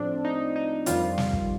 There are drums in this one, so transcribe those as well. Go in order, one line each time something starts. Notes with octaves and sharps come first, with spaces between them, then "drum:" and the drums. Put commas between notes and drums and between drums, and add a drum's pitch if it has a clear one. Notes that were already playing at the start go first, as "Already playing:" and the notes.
Already playing: A2 F3 C4 D4
D#4
D#4
F2 D#3 G3 F4, drum: hi-hat
drum: snare
drum: kick